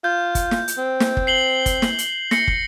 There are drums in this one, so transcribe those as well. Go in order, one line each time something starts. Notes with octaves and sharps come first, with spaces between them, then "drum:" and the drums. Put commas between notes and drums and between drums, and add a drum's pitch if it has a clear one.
F4 G6
drum: kick, hi-hat
drum: snare
drum: hi-hat
C4
drum: snare
drum: kick
C7 F#7 G7
drum: kick, hi-hat
drum: snare
drum: hi-hat
A#6 C#7, drum: snare
drum: kick